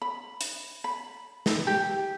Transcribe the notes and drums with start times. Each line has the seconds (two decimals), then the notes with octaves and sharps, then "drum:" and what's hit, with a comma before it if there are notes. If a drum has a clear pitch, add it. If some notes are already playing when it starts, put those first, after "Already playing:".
0.02 B5
0.41 drum: hi-hat
0.84 B5
1.46 drum: snare
1.67 G4